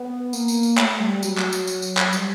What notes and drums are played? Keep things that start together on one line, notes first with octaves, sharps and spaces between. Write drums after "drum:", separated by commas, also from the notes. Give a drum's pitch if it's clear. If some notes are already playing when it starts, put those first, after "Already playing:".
Already playing: B3
A#3, drum: tambourine
drum: tambourine
drum: tambourine
A3, drum: clap
G3
F#3, drum: tambourine
drum: clap
drum: tambourine
drum: tambourine
drum: tambourine
drum: clap
G3, drum: tambourine